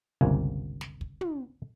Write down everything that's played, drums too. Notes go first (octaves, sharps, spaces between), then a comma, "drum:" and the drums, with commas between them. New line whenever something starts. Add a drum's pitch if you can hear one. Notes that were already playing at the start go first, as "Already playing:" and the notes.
G1 C#2 C3 A#3 G#5
drum: snare
drum: kick
drum: tom